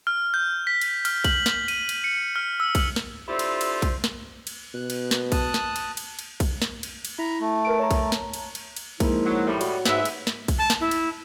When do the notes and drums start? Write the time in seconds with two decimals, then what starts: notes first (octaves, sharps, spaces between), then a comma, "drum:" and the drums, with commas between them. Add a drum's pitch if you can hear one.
0.07 F6
0.34 G6
0.67 B6
0.81 drum: cymbal
1.05 F6, drum: cymbal
1.24 F#7, drum: kick A#1, cymbal
1.46 drum: snare
1.68 D#7, drum: cymbal
1.89 drum: cymbal
2.04 C#7
2.36 F6
2.60 E6
2.75 drum: kick A#1, cymbal
2.96 drum: snare
3.27 D4 E4 F4 G4 A4 C5
3.39 drum: cymbal
3.61 drum: cymbal
3.82 drum: kick A#1, cymbal
4.04 drum: snare
4.47 drum: cymbal
4.74 B2 F#6
4.90 drum: cymbal
5.11 drum: snare
5.32 A5 D#6 F#6, drum: kick A#1, cymbal
5.54 drum: snare
5.76 drum: cymbal
5.97 drum: cymbal
6.19 drum: cymbal
6.40 drum: kick A#1, cymbal
6.62 drum: snare
6.83 drum: cymbal
7.05 drum: cymbal
7.19 E4 A#5 B5
7.40 A3
7.65 A#4 B4 D7
7.79 C#5 A5 A#5
7.91 drum: kick A#1, cymbal
8.12 drum: snare
8.34 drum: cymbal
8.55 drum: cymbal
8.77 drum: cymbal
9.00 F3 G#3 A#3 D#4 E4, drum: kick A#1, cymbal
9.25 F#3
9.47 A2 G3
9.61 F#4 C#5, drum: cymbal
9.86 G#2 G#3 B4 E5, drum: snare
10.05 drum: cymbal
10.27 drum: snare
10.48 drum: kick A#1, cymbal
10.59 A5
10.70 drum: snare
10.81 E4
10.91 drum: cymbal